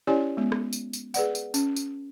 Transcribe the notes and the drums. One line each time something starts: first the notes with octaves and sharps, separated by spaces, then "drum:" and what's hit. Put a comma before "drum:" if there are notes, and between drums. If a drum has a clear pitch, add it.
C#4 E4 G4 C#5 D5 G#5
G#3 B3
drum: rim click
drum: tambourine
drum: tambourine
G#4 B4 D5 F#5, drum: tambourine
drum: tambourine
C#4, drum: tambourine
drum: tambourine